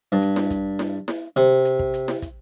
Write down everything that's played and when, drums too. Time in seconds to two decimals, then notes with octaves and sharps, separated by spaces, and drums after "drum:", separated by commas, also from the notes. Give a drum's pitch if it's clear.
0.12 G2
0.22 drum: hi-hat
0.36 drum: snare E4
0.51 drum: kick, hi-hat
0.79 drum: snare E4
1.08 drum: snare E4
1.36 C3, drum: hi-hat
1.65 drum: hi-hat
1.79 drum: kick
1.94 drum: hi-hat
2.08 drum: snare E4
2.22 drum: kick, hi-hat